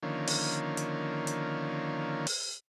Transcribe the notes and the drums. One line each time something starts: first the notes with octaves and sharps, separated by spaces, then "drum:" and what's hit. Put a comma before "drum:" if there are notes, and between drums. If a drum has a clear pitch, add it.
D3 D#3 F3 A#3 C#4
drum: open hi-hat
drum: hi-hat
drum: hi-hat
drum: open hi-hat